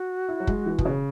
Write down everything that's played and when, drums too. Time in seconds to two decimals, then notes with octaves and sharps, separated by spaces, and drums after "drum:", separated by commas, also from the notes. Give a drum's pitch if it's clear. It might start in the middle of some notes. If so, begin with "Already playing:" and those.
Already playing: F#4
0.29 E4
0.40 F#3
0.47 G#3, drum: kick
0.66 E3
0.78 B2, drum: kick
0.85 C#3